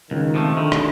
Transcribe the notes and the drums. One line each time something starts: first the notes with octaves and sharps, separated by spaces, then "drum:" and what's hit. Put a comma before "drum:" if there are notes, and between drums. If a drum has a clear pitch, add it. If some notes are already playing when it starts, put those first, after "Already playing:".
C#2 D#3
C3 F3 A3
D3 D#3
drum: rim click